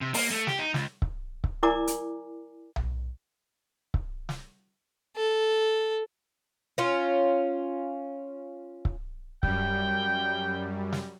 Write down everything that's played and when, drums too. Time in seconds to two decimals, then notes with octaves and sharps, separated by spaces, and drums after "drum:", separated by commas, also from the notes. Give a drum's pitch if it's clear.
0.01 C3
0.14 A#3, drum: open hi-hat
0.31 A3
0.47 G4, drum: snare
0.59 D#4
0.74 C#2, drum: snare
1.02 drum: kick C#1
1.44 drum: kick C#1
1.63 E4 A#4 D5 G#5 A#5 D6
1.87 drum: hi-hat
2.76 drum: tom B1
3.94 drum: kick C#1
4.29 drum: snare
5.17 A4
6.78 C#4 F4
8.85 drum: kick C#1
9.43 F#2 G3 G5, drum: kick C#1
10.92 drum: snare